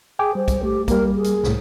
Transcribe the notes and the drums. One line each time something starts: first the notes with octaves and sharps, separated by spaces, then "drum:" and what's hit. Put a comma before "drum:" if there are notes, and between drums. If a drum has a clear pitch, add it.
G#4 G5 G#5 D6
G3 C5
drum: kick, hi-hat
A3 G4
G3 A#3 A#4, drum: kick, hi-hat
G#4
drum: hi-hat
C2 A2, drum: snare